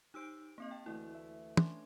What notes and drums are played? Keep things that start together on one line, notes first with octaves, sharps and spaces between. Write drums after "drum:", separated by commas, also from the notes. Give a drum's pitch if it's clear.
D#4 G4 C5 E6 G6 D7
A#3 C4 D#5
G5 A5
D2 E3 E4
E5
C#4 D4 G#5 C6, drum: tom